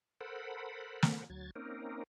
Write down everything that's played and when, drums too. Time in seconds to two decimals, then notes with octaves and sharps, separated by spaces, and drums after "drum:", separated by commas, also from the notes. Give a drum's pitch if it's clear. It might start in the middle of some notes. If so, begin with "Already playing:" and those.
0.21 A4 A#4 C5 F#5 B5
1.03 drum: snare
1.30 D2 F#3 G#6 A6
1.56 A#3 C4 C#4 D#4 A#4